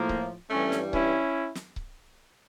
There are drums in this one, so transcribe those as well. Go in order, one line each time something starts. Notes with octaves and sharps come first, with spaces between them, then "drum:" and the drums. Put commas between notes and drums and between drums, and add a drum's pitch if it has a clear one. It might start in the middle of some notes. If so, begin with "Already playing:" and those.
Already playing: A2 F3 A#3
drum: kick C#1
G2 E3 G3 A3 C#4
drum: snare
C#4 E4, drum: kick C#1
drum: snare
drum: kick C#1